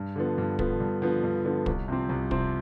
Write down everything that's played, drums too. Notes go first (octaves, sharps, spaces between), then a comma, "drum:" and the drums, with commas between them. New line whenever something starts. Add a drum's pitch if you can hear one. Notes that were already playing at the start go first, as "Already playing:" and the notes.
Already playing: G2
D3 F3 B3
G2
D3 F3 B3, drum: kick
G2
D3 F3 B3
G2
D3 F3 B3
C2, drum: kick
C3 F3 C4
C2
C3 F3 C4, drum: kick